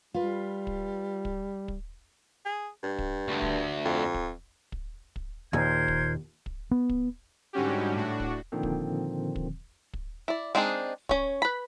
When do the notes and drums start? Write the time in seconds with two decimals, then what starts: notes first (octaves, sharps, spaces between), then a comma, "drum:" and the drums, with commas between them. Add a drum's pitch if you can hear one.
0.14 G3 F4 B4
0.67 drum: kick
1.25 drum: kick
1.68 drum: kick
2.45 G#4
2.83 G2
2.99 drum: kick
3.28 D2
3.42 drum: kick
3.85 F2
4.14 drum: kick
4.72 drum: kick
5.16 drum: kick
5.53 D#2 A#2 A#4 C5 G#6
5.88 drum: kick
6.46 drum: kick
6.71 B3
6.89 drum: kick
7.53 G#2 D3 G3 C#4 F#4 G4
7.95 A2 D4 F#4
8.20 drum: kick
8.52 A#2 D3 D#3 F3 C4
8.63 drum: kick
9.36 drum: kick
9.93 drum: kick
10.28 E4 D5
10.55 G#3 C4 D4 D#4 G#4
11.09 C#4 C#5, drum: kick
11.42 B4 B5